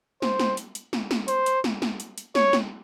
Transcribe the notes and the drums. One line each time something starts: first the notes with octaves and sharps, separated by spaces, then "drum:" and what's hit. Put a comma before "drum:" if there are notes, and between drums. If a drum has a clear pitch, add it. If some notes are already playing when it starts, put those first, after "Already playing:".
C5, drum: snare
drum: snare
drum: hi-hat
drum: hi-hat
drum: snare
drum: snare
C5, drum: hi-hat
drum: hi-hat
drum: snare
drum: snare
drum: hi-hat
drum: hi-hat
C#5, drum: snare
drum: snare